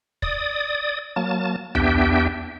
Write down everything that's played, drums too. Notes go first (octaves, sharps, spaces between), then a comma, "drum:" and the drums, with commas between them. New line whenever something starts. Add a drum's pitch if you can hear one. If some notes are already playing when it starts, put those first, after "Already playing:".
D5 D#6, drum: kick
F#3 A#3 A5
E2 B3 D4 G4 E5 G5, drum: tom C2